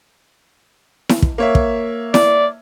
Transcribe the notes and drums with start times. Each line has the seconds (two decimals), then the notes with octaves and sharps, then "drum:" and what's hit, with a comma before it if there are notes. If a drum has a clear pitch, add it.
1.09 drum: snare E4
1.22 drum: kick
1.38 A#3 C#5 E5
1.55 drum: kick
2.14 D5, drum: snare E4